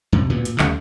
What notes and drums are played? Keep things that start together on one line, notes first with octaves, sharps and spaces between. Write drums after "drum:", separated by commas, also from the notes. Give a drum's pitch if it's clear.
F2 C3
D2 A#2 B3
A#2, drum: hi-hat
D#2 C#3 G3 A3, drum: clap